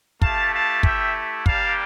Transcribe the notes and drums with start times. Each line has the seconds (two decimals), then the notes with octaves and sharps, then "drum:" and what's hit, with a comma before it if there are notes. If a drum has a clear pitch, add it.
0.22 A3 E4 G4 F5 A5, drum: kick
0.53 F5 A5
0.83 E5 G5, drum: kick
1.46 G3 A#3 D4 G4 F5 A5, drum: kick